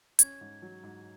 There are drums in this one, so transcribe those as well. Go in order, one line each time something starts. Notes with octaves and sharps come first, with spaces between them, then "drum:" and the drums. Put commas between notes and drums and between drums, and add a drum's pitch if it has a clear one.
C#4 G#6, drum: hi-hat
G#2
F#3
G#2